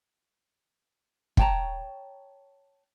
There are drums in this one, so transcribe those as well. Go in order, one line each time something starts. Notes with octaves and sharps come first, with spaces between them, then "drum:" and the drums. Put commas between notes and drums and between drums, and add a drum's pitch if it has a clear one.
C#5 G5 A5 A#5, drum: kick